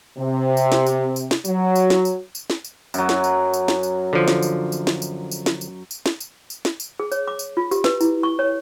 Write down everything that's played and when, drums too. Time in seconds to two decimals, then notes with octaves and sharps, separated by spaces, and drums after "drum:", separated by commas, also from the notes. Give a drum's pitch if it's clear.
0.17 C3
0.57 drum: tambourine
0.72 drum: snare
0.87 drum: tambourine
1.16 drum: tambourine
1.31 drum: snare
1.45 F#3, drum: tambourine
1.75 drum: tambourine
1.90 drum: snare
2.05 drum: tambourine
2.35 drum: tambourine
2.50 drum: snare
2.64 drum: tambourine
2.94 F#2 F#3, drum: tambourine
3.09 drum: snare
3.24 drum: tambourine
3.53 drum: tambourine
3.68 drum: snare
3.83 drum: tambourine
4.13 D3 F3
4.28 drum: snare
4.42 drum: tambourine
4.72 drum: tambourine
4.87 drum: snare
5.02 drum: tambourine
5.31 drum: tambourine
5.46 drum: snare
5.61 drum: tambourine
5.91 drum: tambourine
6.06 drum: snare
6.20 drum: tambourine
6.50 drum: tambourine
6.65 drum: snare
6.80 drum: tambourine
7.00 G#4
7.12 C#5, drum: tambourine
7.28 D6
7.39 drum: tambourine
7.57 F4
7.71 G4, drum: tambourine
7.84 B4, drum: snare
8.01 E4, drum: tambourine
8.23 C#6
8.39 C#5